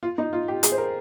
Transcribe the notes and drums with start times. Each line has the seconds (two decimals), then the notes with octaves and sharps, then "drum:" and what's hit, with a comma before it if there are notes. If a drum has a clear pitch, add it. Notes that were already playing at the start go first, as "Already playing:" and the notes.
0.03 F4
0.18 D#4
0.33 F4
0.48 G4
0.63 G#4, drum: hi-hat
0.72 C5
0.78 A#4